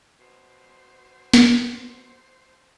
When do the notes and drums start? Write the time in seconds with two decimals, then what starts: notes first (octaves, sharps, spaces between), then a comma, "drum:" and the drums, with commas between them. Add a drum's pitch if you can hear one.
0.20 B2 C5
1.33 drum: snare